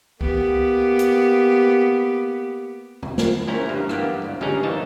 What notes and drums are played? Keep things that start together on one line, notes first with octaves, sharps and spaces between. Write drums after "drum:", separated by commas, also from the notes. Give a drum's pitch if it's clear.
A#3 B3 G4, drum: kick C2
drum: hi-hat
drum: tom
drum: snare
A#1 A#2 C#4 E4 G5 A#5
D2 G2
G2 E3 A#3 B3 G4, drum: rim click
G#1 D2
G2 G3 G#3 C#4 G#4 A#5, drum: tom
A#1 D#2 E3 D#4 A5